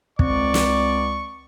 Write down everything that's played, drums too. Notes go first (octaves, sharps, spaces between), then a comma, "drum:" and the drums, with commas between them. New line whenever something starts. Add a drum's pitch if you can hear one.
C#2 C4 D5 C#6, drum: kick
drum: snare